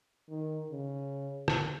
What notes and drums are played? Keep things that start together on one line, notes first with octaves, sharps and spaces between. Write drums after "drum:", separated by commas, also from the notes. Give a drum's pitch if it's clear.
D#3
C#3
drum: rim click